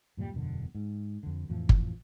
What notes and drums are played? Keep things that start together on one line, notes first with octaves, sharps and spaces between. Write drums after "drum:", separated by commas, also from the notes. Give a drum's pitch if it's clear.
E2 G2 A#2 G3
E1 F#2 B2 D3
G#2
F2 D3
F2 A2 E3 F3
drum: kick G1